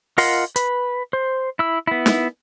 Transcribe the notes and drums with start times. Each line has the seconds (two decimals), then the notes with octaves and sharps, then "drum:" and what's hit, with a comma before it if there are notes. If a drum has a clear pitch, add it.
0.18 F4 A#4 D#5 F#5 C6, drum: open hi-hat
0.56 B4, drum: hi-hat
1.13 C5
1.59 E4 E6
1.87 B3 E4
2.06 drum: snare